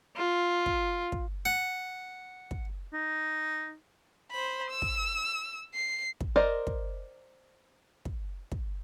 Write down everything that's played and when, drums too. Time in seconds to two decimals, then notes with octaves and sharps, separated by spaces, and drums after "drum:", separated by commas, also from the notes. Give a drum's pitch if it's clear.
0.16 F4
0.66 drum: kick
1.12 drum: kick
1.45 F#5
2.51 drum: kick
2.93 D#4
4.31 C5 B5
4.70 E6
4.82 drum: kick
5.74 C7
6.21 drum: kick
6.36 A#4 C5 D5 D#5
6.67 drum: kick
8.05 drum: kick
8.52 drum: kick